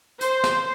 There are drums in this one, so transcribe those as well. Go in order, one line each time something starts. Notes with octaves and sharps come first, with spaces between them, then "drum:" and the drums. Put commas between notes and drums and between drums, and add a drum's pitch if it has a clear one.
C5, drum: hi-hat
drum: snare